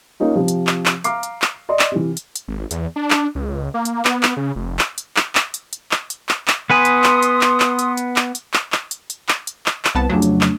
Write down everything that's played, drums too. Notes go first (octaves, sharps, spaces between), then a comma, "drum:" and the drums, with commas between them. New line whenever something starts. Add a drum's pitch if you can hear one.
A#3 C#4 D#4 F4
C3 F3
drum: hi-hat
drum: clap
drum: clap
F5 A#5 D6 F6 C7, drum: hi-hat
drum: hi-hat
drum: clap
D5 D#5 C6
drum: clap
C3 E3
drum: hi-hat
drum: hi-hat
G#1
E2, drum: hi-hat
D4
drum: clap
C#2
A#3
drum: hi-hat
B3, drum: clap
drum: clap
C#3
F1
drum: clap
drum: hi-hat
drum: clap
drum: clap
drum: hi-hat
drum: hi-hat
drum: clap
drum: hi-hat
drum: clap
drum: clap
B3 B4 G#5 C6 D#6
drum: hi-hat
drum: clap
drum: hi-hat
drum: clap
drum: clap
drum: hi-hat
drum: hi-hat
drum: clap
drum: hi-hat
drum: clap
drum: clap
drum: hi-hat
drum: hi-hat
drum: clap
drum: hi-hat
drum: clap
drum: clap
C2 B3 A5
F2 C#3 F#3 A3 D4
drum: hi-hat
drum: clap